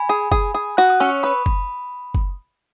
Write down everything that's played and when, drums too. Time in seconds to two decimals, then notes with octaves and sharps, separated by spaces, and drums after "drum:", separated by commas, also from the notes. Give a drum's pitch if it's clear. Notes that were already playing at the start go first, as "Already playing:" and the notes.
Already playing: G#5 B5
0.09 G#4
0.32 G#4, drum: kick F#1
0.54 G#4
0.77 F#4 D#6 F#6
0.90 D#6
1.00 C#4 C#6 E6
1.23 B4 B5 D#6
1.46 drum: kick F#1
2.14 drum: kick F#1